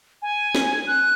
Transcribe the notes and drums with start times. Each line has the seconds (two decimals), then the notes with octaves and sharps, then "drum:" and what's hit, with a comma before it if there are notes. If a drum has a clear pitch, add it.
0.22 G#5
0.55 drum: snare
0.87 F#6